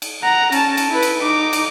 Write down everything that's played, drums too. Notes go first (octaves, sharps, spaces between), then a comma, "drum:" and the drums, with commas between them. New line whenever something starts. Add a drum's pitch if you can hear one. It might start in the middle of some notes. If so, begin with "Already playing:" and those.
drum: cymbal
F#5 A#5
C#4 A5, drum: cymbal
drum: cymbal
E4 B4
drum: cymbal
D#4 D6
drum: cymbal